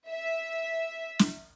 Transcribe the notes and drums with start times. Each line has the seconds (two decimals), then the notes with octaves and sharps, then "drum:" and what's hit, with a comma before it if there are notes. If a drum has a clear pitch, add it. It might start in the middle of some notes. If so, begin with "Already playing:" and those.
0.11 E5
1.19 drum: snare